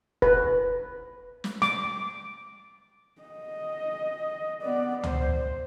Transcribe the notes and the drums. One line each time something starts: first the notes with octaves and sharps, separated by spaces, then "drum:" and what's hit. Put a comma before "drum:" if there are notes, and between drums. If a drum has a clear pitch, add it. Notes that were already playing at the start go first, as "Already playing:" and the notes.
B4, drum: kick F1
drum: snare
D6, drum: snare
D#5
B3 D5
C5, drum: tom C#2